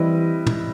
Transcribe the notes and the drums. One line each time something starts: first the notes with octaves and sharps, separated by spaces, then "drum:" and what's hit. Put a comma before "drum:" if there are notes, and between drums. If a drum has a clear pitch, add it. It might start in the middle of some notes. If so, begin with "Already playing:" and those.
Already playing: E3 G3 C4 E4 B4 D#5
drum: tom